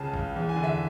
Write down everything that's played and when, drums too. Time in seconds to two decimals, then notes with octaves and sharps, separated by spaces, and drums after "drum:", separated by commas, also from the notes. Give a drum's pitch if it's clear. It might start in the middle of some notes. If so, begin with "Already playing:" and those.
Already playing: C#2 C#3 A5
0.14 C#2, drum: kick A1
0.36 E2
0.49 G#5
0.56 D3
0.64 E5